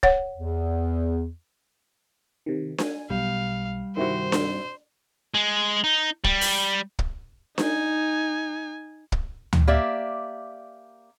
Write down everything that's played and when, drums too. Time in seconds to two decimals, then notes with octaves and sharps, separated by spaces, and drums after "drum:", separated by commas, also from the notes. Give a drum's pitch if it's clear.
0.03 C#5 F#5, drum: kick
0.36 E2
2.46 C3 D#3
2.78 G#5, drum: snare D4
3.10 B1 G3 F5
3.97 G2 C3 D#3 C4 E4 F#4 C5
4.32 drum: snare D4
5.34 G#3
5.84 D#4
6.24 G3, drum: kick
6.41 drum: open hi-hat
6.99 drum: kick
7.58 D#4 G#5, drum: snare D4
9.12 drum: kick
9.53 drum: tom D2
9.68 A#3 G4 D5 E5